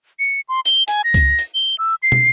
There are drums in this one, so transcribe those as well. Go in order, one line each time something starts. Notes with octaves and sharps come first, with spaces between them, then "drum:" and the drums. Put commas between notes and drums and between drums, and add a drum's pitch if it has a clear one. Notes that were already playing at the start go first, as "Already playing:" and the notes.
C#7
C6
G7, drum: hi-hat
G#5, drum: hi-hat
A#6
drum: kick C#2, hi-hat
drum: hi-hat
G7
E6
C7
drum: tom